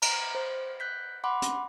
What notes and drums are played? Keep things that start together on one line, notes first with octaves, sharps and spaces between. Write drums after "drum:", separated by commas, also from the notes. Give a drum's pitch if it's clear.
A#5, drum: cymbal
C5
F#6 G6 B6
F#5 B5 C6 D6
drum: hi-hat